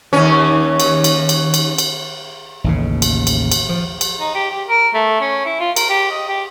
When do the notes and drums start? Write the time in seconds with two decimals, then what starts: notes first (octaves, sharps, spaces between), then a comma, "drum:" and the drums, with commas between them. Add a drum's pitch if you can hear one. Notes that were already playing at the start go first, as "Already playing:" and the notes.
0.13 D#2 C#4
0.80 drum: cymbal
1.04 drum: cymbal
1.29 drum: cymbal
1.54 drum: cymbal
1.78 drum: cymbal
2.64 A1 D#2 C#3
3.02 drum: cymbal
3.27 drum: cymbal
3.52 drum: cymbal
3.69 F3
4.01 drum: cymbal
4.20 D#4
4.35 G4
4.50 G4
4.67 A#4
4.94 A3
5.21 C#4
5.45 E4
5.60 F4
5.76 A#4, drum: cymbal
5.89 G4
6.11 D#5
6.28 G4